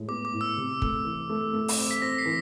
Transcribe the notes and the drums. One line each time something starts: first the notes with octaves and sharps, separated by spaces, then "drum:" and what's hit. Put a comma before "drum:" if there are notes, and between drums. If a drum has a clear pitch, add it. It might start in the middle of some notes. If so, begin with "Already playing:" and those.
Already playing: A2 G#3
B3 D6
D6
A2
E6
C3
A3, drum: kick
E3
A3
A3
drum: open hi-hat
C4
B6
C4 A#6
C7
E3